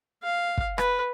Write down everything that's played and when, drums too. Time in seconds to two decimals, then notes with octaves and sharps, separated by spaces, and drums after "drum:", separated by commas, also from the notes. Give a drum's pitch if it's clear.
0.23 F5
0.58 drum: kick
0.78 B4, drum: rim click